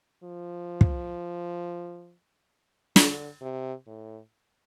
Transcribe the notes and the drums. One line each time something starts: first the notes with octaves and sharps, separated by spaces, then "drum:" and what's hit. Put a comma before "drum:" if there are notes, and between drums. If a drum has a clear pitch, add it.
F3
drum: kick
D3, drum: snare
C3
A2